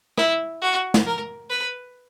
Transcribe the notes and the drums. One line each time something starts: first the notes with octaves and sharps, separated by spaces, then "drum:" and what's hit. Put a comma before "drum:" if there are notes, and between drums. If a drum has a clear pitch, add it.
E4, drum: rim click
F#4
drum: snare
A#4
B4